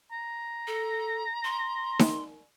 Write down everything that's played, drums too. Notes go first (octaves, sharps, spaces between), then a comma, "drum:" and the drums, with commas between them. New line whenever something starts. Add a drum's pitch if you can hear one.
A#5
A4
C6
drum: snare D#4